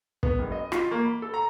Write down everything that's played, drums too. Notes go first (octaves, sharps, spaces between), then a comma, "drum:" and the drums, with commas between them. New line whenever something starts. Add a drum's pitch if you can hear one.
B3, drum: kick
F#1
D#5
F4, drum: rim click
A#3
B5
A4
A#5